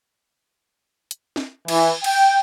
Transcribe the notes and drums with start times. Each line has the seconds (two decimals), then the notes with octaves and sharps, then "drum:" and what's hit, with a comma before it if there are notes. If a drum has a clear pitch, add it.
1.11 drum: hi-hat
1.36 drum: snare
1.68 E3, drum: cymbal
2.04 G5, drum: cymbal